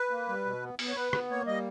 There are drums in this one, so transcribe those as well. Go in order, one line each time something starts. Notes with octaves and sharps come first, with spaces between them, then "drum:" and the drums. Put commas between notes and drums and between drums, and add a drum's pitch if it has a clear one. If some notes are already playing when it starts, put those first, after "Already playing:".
Already playing: B4
A#3
G3
B2
B3
B3, drum: open hi-hat
C#5
B3 B4
B3, drum: rim click
A#3 C#5
G3 D#5